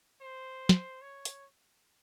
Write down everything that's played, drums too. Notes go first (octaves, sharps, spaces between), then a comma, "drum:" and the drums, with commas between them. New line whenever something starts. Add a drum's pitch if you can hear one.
C5
drum: snare
C#5
drum: hi-hat